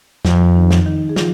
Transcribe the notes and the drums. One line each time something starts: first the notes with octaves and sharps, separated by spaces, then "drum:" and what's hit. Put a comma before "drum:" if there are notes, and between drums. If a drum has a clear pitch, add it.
F2, drum: snare
D#3 D#4
drum: snare
D#3 D#4
G#4
F3 F4, drum: snare